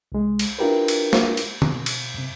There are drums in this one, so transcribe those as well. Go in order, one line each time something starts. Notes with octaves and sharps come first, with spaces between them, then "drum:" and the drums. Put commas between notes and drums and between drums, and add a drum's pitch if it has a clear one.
C2 G#3
drum: cymbal
D4 E4 F4 G4 A#4 B4
drum: cymbal
drum: snare
drum: cymbal
B2, drum: tom
drum: cymbal
F#2 C3